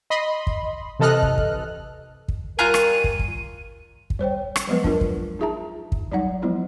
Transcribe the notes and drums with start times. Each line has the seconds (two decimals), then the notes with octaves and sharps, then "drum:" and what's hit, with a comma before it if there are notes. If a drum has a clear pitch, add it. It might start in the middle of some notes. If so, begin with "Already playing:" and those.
0.10 D#5 B5 C6
0.47 drum: kick
0.99 C3 E3 A4 D#5 F6 F#6
1.22 drum: kick
1.38 drum: kick
2.28 drum: kick
2.59 G3 F4 A#4 G#5 A#5 F6 F#6 D#7
2.74 drum: rim click
3.04 drum: kick
3.19 drum: kick
4.10 drum: kick
4.19 G3 C5 C#5 G5
4.56 drum: rim click
4.67 F3 F#3 G#3 B3 B4
4.84 D4 F4 A#4, drum: kick
5.01 drum: kick
5.39 D#4 F4 G#4 E5 A5 A#5
5.92 drum: kick
6.12 F#3 G3 D#4 F#5
6.42 F3 F#3 G#3 B3 E4 F4